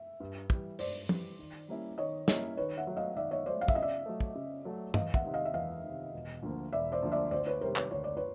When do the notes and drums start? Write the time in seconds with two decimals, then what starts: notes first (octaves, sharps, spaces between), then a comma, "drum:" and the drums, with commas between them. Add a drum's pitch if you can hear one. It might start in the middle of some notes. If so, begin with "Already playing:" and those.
Already playing: E5
0.20 G2
0.50 E3 G3, drum: kick
0.79 G2 C5 D5, drum: open hi-hat
1.09 E3 G3, drum: tom
1.39 D#3
1.68 G3 A#3 C#4 E4
1.98 D#3 C#5 D#5
2.28 G3 A#3 C#4 E4 C#5 D#5, drum: snare
2.57 D#3 B4 C#5
2.77 E5 F#5
2.87 F#3 A3
2.97 D#5 F5
3.17 D#3 D5 E5
3.31 C#5 D#5
3.46 F#3 A3 C5 D5
3.61 F5
3.68 E5, drum: kick
3.75 C#3 D#5
3.82 D5 E5
4.06 F#3 A3
4.20 drum: kick
4.35 C#3
4.65 F#3 A3
4.94 E2 D#5 F5, drum: tom
5.14 E5 F#5, drum: kick
5.24 C3 D#3
5.34 D#5 F5
5.45 E5
5.54 E2 D#5 F5
5.84 C3 D#3
6.13 E1
6.43 D2 D3 F3 A#3
6.73 E1 D5 E5
6.92 C5 D5
7.02 D2 D3 F3 A#3
7.12 D5 E5
7.31 D2 C5 D5
7.46 B4 C#5
7.61 C3 D#3 G3 A#4 C5
7.76 B4 C#5, drum: clap
7.91 D2 C#5
8.04 D5
8.17 B4 C#5